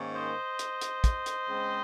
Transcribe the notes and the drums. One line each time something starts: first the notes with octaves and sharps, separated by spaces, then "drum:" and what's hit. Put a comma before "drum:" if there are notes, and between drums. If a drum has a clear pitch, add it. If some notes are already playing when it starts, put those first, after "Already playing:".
Already playing: G#2 D#3 A#3 C#4
C5 D#5
drum: hi-hat
drum: hi-hat
drum: kick, hi-hat
drum: hi-hat
C#3 G#3 C4